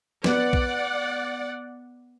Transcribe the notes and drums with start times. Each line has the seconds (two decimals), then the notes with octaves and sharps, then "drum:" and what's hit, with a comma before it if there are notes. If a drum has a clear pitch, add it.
0.24 B3 D5 F#5, drum: snare
0.53 drum: kick